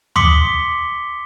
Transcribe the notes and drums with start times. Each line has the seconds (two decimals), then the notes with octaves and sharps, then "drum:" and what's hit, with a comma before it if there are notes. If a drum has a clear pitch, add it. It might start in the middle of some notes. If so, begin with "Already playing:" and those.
0.16 C6 D6 D#6 B6 C#7 G7, drum: tom